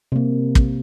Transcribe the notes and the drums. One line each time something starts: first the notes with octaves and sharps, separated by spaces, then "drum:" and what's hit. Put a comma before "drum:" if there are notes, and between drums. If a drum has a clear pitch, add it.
C3 A#3
drum: kick